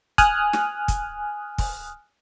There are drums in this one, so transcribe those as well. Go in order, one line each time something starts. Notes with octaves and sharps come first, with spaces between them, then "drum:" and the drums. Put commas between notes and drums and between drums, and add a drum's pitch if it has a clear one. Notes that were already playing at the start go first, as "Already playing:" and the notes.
G#5 D#6 F6 F#6, drum: kick, hi-hat
drum: snare
drum: kick, hi-hat
drum: kick, open hi-hat